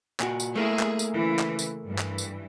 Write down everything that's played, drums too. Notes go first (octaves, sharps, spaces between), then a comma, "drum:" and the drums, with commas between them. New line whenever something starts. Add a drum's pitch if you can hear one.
A#2 F#4, drum: clap
drum: tambourine
A3 A#3 E4 G#4
drum: clap
drum: tambourine
C#3 E3
drum: clap
drum: tambourine
G2 E3
drum: clap
drum: tambourine